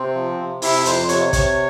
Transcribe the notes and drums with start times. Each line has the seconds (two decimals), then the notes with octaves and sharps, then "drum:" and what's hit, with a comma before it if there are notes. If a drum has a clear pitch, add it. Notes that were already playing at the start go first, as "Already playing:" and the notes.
Already playing: C3 C4
0.15 F3
0.39 C3
0.62 C3 E4, drum: open hi-hat
0.85 F2 C5, drum: hi-hat
1.09 C3 C#5, drum: hi-hat
1.33 C3 C#5, drum: kick, hi-hat